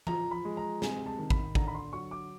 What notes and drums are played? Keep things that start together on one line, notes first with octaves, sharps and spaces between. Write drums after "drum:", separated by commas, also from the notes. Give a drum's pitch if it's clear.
F3 A#5, drum: tom E3
B5
G#3
A#5
C3 G#5, drum: snare
A5
D#3
B5, drum: kick G#1
D3 A#5, drum: kick G#1
B5
C6
F#3 C#6
D6